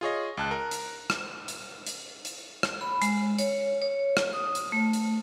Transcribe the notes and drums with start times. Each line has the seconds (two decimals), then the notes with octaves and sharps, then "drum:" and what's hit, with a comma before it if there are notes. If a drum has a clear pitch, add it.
0.01 F4 G#4 C#5 D#5
0.37 C#2 A5 F#6
0.51 A#4
0.71 drum: hi-hat
1.10 drum: rim click
1.48 drum: hi-hat
1.86 drum: hi-hat
2.25 drum: hi-hat
2.63 drum: rim click
2.81 B5
3.02 G#3, drum: hi-hat
3.39 C#5, drum: hi-hat
3.82 C#5
4.17 drum: rim click
4.33 D#6
4.55 drum: hi-hat
4.72 A3
4.93 drum: hi-hat